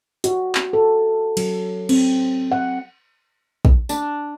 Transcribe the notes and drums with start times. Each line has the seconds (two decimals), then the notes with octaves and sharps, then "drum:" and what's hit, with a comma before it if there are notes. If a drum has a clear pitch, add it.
0.24 F#4, drum: hi-hat
0.55 drum: clap
0.73 A4
1.37 F#3, drum: cymbal
1.89 C4, drum: cymbal
2.52 F#5
3.65 drum: kick A#1
3.89 D4, drum: tambourine